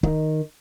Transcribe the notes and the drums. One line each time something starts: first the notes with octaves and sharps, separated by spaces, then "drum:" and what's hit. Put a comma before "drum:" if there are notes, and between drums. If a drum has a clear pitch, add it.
D#3, drum: kick C#1